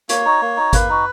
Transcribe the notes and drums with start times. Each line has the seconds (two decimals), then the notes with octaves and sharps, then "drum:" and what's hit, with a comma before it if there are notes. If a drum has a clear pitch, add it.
0.09 A#3 C#5, drum: hi-hat
0.25 D#4 F#4
0.42 A#3
0.57 D#4 F#4
0.73 A#3 B4, drum: kick G#1, hi-hat
0.89 D#4 F#4